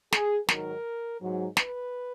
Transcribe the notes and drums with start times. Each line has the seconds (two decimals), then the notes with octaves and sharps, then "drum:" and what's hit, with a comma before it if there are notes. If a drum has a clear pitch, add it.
0.12 G#4, drum: snare
0.48 G#2 D#3 F#3 A#4, drum: snare
1.21 G#2 F#3
1.57 B4, drum: snare